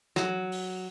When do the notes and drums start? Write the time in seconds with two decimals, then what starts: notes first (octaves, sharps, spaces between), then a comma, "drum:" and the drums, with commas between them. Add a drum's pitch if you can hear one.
0.16 F#3, drum: snare
0.52 drum: open hi-hat